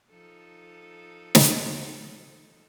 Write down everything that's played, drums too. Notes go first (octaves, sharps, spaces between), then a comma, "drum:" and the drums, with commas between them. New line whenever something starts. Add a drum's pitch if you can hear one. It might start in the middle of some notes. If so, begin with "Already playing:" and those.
F3 D#4 A4
drum: snare